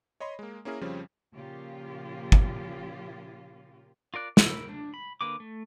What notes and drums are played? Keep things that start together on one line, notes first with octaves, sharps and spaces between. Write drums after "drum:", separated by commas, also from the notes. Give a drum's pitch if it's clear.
C#5 D#5 B5 C6
G#3 A#3
A#3 C#4 E4 G#4 A#4
F2 C#3 F3 G3 C4 C#4
A#2 C#3 F3 A#3 F4 G4
drum: kick
F4 A#4 D5 F#6
A#4 B5 E6, drum: snare
D4
B5
D3 A#3 B4 D6
A3